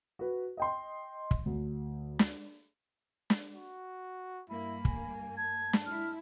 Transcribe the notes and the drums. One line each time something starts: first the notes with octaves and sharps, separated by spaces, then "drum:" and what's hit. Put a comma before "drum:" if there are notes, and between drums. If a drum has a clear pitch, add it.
F#4 B4
D#5 G5 C6
drum: kick
D2
drum: snare
drum: snare
F#4
G2 A#3 E4 B5
G#5, drum: kick
A5 G#6
drum: snare
G#3 E4 F6